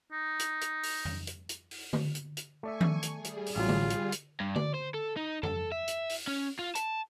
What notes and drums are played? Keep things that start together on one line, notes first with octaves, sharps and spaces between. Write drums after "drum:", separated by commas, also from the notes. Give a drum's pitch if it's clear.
D#4
drum: hi-hat
drum: hi-hat
drum: open hi-hat
drum: tom F2
drum: hi-hat
drum: hi-hat
drum: open hi-hat
drum: tom D3
drum: hi-hat
drum: hi-hat
A3 D5 E5 G#5 C#6
drum: tom D#3
drum: hi-hat
G3 G#4
drum: hi-hat
drum: open hi-hat
A1 F#3 F4
drum: tom D3
drum: hi-hat
drum: hi-hat
G2
D5, drum: tom D3
C5
A4
D#4
A4, drum: tom F2
E5
drum: hi-hat
drum: open hi-hat
C#4
F4
A5, drum: hi-hat